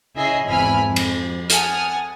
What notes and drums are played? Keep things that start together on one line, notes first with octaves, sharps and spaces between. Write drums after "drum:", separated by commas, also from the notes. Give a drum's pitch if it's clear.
C#3 E4 G#4 D#5 E5 C7
G#1 E2 E4 G#5 B5 F6
F2
drum: cymbal
F#5 G#5 A5 D#6 F6, drum: hi-hat